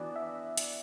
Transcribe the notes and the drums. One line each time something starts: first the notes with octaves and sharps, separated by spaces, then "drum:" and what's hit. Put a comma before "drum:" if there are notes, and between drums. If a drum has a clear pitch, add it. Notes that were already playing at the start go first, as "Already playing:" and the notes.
Already playing: E3 B3 D4 F#4 D5
E5
drum: hi-hat